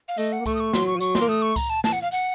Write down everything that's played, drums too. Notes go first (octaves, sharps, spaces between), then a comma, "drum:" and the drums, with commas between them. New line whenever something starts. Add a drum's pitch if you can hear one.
F5
A3 D#5, drum: tambourine
F#5
A#3
A3 C#6, drum: kick C2, tambourine
D#6
C#6
F#3 C6, drum: snare
C#6
F3
F#3 C#6, drum: tambourine
C6, drum: snare
A#3
A3 D#6
C#6
A#5, drum: kick C2, tambourine
A5
A5, drum: snare
F#5
F5
F#5, drum: tambourine